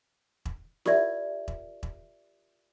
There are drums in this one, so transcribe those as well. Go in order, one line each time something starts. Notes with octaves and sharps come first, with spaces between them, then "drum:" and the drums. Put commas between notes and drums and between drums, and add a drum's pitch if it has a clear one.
drum: kick E1
F4 G4 A#4 D5 E5, drum: snare E4
drum: kick E1
drum: kick E1